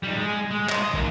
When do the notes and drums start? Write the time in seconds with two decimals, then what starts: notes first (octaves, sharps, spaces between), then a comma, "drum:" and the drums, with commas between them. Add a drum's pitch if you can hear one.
0.03 G3 D#4
0.16 G#3 G#4
0.51 G#3
0.69 D#5 C6, drum: clap
0.82 D#5
0.94 D#2 A#3, drum: kick